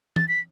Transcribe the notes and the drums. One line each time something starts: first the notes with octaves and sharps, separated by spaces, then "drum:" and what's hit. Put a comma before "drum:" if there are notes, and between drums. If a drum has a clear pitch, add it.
A6, drum: tom
B6